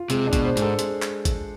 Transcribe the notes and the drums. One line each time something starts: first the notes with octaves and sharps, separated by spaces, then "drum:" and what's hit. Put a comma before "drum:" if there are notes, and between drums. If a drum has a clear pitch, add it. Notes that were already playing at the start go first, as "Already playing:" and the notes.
Already playing: F4
C3 G#3, drum: hi-hat
D4
B2, drum: kick A1, hi-hat
C5
G#2, drum: hi-hat
A4
G#3, drum: hi-hat
drum: clap
drum: kick A1, hi-hat